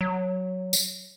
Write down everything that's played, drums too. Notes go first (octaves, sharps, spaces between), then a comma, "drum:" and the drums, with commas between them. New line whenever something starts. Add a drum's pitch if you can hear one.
F#3
drum: tambourine